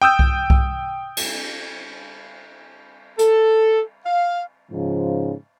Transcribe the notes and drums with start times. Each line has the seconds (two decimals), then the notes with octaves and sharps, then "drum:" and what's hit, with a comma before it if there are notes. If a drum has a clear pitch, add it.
0.02 G5 D#6 E6 G6
0.19 drum: kick C2
0.50 drum: kick C2
1.17 drum: cymbal
3.19 A4, drum: hi-hat
4.06 F5
4.71 G#2 C#3 F3